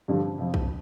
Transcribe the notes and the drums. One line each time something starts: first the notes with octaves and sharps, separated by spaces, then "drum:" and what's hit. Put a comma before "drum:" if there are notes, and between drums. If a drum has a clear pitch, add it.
G2 D3 F3
F2 C3 F3
drum: kick B1